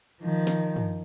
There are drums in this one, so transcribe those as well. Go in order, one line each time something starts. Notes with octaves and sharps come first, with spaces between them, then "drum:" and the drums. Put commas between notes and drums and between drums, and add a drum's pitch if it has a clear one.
D#3 F3
drum: snare
drum: tom